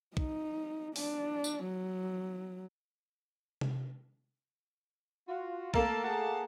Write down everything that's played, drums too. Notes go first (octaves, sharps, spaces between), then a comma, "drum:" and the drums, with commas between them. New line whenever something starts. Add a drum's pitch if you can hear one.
D#4, drum: kick
D4, drum: open hi-hat
drum: tambourine
F#3
drum: tom C3
F4 F#4
A3 A#3 A4 A#4 A5, drum: kick
G#4 F#5 A5